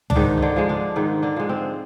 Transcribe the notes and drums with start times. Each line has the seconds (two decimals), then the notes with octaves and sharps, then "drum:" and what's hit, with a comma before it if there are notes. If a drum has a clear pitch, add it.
0.10 D4, drum: tom C#2
0.16 G#2 D#3 D#4
0.38 D3 D4 D#4
0.56 F3 G#3
0.69 D3 D4
0.96 G#2 D#3 D#4
1.22 D3 D4
1.36 F3 G#3
1.49 C4